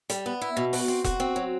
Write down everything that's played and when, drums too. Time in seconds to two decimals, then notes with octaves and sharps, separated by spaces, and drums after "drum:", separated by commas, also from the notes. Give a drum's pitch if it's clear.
0.10 G3, drum: hi-hat
0.26 B3
0.41 E4
0.57 B2
0.73 F#4, drum: open hi-hat
0.88 C4
1.04 F#4, drum: kick E1, hi-hat
1.20 C4
1.36 F#3